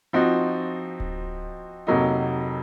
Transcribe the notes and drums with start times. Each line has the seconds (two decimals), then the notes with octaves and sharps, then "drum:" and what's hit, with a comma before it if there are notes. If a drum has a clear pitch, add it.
0.13 F3 C4 D#4 F#4
1.00 drum: kick D1
1.87 F2 C3 F#3 A#3 D#4